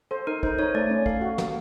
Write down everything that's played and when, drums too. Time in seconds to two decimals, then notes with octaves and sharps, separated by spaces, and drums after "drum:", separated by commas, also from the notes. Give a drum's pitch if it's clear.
0.11 A4 C5
0.27 D#4 A#4
0.43 D#4 C5, drum: kick
0.59 D#4 C#5
0.74 A3 D5
0.90 C#4
1.06 A4 F5, drum: kick
1.21 F#4
1.38 A#3, drum: snare